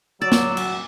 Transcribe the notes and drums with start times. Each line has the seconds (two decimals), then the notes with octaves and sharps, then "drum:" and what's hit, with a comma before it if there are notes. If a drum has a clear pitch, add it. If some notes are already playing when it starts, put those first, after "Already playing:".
0.22 F#3 D5 E6
0.32 drum: snare
0.57 drum: cymbal